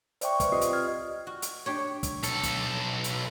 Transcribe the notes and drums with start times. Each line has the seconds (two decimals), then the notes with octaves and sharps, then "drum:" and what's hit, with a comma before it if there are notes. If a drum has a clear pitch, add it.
0.21 C5 D5 E5 G5 C#6, drum: hi-hat
0.40 B4 C5 D5, drum: kick, hi-hat
0.52 C4 F4 G4 D#5 D#6 C7
0.61 drum: hi-hat
0.73 F6 G#6
1.27 F#4
1.42 drum: hi-hat
1.66 D4 G4 C#5
2.03 drum: kick, hi-hat
2.23 B1 A4, drum: hi-hat
2.43 drum: kick, hi-hat
3.04 drum: hi-hat